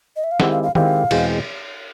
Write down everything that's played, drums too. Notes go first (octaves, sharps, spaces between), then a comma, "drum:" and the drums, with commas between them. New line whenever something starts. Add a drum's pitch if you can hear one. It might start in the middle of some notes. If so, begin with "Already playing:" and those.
D#5
E5
F5
D#3 G#3 C4 E4 G4 F#5, drum: snare
F5
F5
D#3 G#3 C4 E4 G4 F5, drum: tom D#3
E2 B2 G#3 C4, drum: cymbal